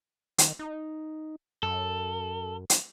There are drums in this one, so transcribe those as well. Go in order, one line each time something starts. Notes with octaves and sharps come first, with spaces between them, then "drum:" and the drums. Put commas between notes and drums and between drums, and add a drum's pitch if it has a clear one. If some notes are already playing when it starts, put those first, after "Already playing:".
D#3, drum: hi-hat
D#4
F#2 A4
drum: hi-hat